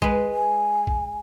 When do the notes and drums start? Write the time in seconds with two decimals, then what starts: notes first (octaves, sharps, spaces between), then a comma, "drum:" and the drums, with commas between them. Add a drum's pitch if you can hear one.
0.02 G#3 B4, drum: kick A#1
0.33 G#5
0.87 drum: kick A#1